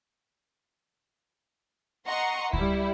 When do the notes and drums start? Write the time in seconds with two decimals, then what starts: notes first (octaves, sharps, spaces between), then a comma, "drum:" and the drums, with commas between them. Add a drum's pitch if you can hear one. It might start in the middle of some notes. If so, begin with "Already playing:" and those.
2.08 D#5 F#5 A#5 C6 C#6
2.53 G3 E4, drum: kick C#2